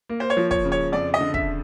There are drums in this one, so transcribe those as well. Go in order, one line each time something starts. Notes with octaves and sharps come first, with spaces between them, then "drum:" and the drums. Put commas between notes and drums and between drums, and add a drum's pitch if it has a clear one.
A#3
C5
C#5
F3
C#5, drum: kick
C#3
C#5
F2 D5
D#5
D3
E5, drum: kick